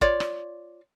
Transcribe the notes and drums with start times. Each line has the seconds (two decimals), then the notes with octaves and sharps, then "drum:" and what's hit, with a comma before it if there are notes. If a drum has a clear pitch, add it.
0.01 F4 C#5 D5, drum: kick
0.20 drum: rim click